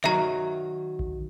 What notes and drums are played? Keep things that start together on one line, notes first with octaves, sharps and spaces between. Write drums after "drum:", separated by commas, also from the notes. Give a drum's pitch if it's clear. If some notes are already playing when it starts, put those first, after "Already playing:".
D#3 F#3 E5 A#5, drum: clap
drum: kick A1